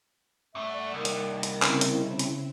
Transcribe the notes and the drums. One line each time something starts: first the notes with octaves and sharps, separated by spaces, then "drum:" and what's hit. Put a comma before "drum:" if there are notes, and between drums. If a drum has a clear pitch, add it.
G2 A3 D5 E5 F#5
C2 D#3 A#3
drum: hi-hat
A6 A#6
drum: hi-hat
C#3 C4 E4, drum: clap
drum: hi-hat
drum: hi-hat